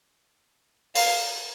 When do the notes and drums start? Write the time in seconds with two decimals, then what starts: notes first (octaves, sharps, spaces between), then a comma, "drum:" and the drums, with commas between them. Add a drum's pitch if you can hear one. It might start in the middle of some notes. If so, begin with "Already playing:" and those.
0.95 F5, drum: open hi-hat